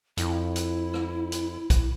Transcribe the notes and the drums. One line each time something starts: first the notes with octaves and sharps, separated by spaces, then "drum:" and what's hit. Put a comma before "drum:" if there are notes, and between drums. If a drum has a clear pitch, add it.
F2 E4, drum: hi-hat
drum: hi-hat
drum: rim click
drum: hi-hat
drum: kick B1, hi-hat